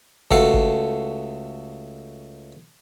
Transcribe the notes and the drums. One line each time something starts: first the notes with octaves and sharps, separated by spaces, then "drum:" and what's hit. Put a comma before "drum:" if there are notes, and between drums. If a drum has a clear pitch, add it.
C#2 A3 F#4 A4 F5, drum: kick G1
drum: kick G1